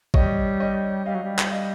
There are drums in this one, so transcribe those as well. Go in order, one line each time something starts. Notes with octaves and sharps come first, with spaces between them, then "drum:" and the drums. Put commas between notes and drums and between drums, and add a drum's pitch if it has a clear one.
G3 C#5 D#5, drum: kick A1
C#5 D#5
G3 D#5 F5
F#3
G3
drum: clap
D#5 F5